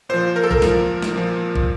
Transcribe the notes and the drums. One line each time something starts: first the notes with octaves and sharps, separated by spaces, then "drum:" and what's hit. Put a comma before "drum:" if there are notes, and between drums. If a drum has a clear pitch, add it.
A#2 F3 C5
A#4
A4
A#4, drum: kick
A#2 F3, drum: snare
drum: snare
A#2 F3
drum: kick